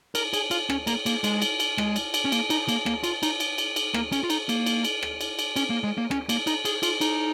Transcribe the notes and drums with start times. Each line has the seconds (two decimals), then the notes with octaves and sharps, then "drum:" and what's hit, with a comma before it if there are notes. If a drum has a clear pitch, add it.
0.15 A#4, drum: cymbal
0.33 G#4, drum: cymbal
0.51 F4, drum: cymbal
0.70 C#4, drum: rim click
0.87 A#3, drum: cymbal
1.06 A#3, drum: cymbal
1.24 G#3, drum: cymbal
1.42 drum: cymbal
1.60 drum: cymbal
1.78 G#3, drum: rim click
1.96 drum: cymbal
2.14 drum: cymbal
2.25 C#4
2.32 A#3, drum: cymbal
2.50 D#4, drum: cymbal
2.69 A#3, drum: cymbal
2.86 A#3, drum: rim click
3.04 F4, drum: cymbal
3.23 D#4, drum: cymbal
3.40 drum: cymbal
3.58 drum: cymbal
3.76 drum: cymbal
3.94 A#3, drum: rim click
4.12 C#4, drum: cymbal
4.24 F4
4.30 D#4, drum: cymbal
4.49 A#3, drum: cymbal
4.66 drum: cymbal
4.84 drum: cymbal
5.03 drum: rim click
5.21 drum: cymbal
5.39 drum: cymbal
5.56 C#4, drum: cymbal
5.70 A#3
5.84 G#3
5.98 A#3
6.11 C#4, drum: rim click
6.29 A#3, drum: cymbal
6.47 D#4, drum: cymbal
6.65 G#4, drum: cymbal
6.83 F4, drum: cymbal
7.01 D#4, drum: cymbal